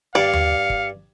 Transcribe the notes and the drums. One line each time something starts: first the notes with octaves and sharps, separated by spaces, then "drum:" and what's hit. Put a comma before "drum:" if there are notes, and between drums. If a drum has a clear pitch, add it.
G2 D5 F5 C#7
drum: tom D#2
drum: kick